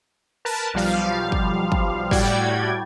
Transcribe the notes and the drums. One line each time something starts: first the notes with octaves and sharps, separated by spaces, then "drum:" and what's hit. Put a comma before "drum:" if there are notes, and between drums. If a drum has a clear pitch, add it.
A#4 B4 A5
B1 F3 G3 F5
drum: kick
drum: kick
A2 G3 F#4 D5 G5 G#6, drum: kick